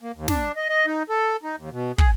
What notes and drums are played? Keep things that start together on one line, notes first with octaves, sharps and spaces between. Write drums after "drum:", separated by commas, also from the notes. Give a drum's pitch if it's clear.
A#3
D#2
D4, drum: snare
D#5
D#5
D#4
A4
D#4
D#2
B2
G#4, drum: kick